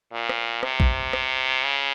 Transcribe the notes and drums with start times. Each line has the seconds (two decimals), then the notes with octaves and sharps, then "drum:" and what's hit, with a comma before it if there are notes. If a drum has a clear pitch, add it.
0.12 A#2
0.29 drum: rim click
0.63 C3, drum: rim click
0.80 drum: kick A#1
1.13 drum: rim click
1.64 C#3